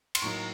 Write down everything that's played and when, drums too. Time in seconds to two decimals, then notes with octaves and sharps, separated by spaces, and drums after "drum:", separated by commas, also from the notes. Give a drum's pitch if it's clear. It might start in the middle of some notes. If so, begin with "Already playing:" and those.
0.15 C6, drum: cymbal
0.22 A2 F#3 A#3 D#4 C#6